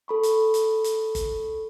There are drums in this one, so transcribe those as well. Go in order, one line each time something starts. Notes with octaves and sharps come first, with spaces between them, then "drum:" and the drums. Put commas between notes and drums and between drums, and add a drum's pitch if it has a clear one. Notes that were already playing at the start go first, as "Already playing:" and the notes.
A4 B5 C#6
drum: hi-hat
drum: hi-hat
drum: hi-hat
drum: kick G1, hi-hat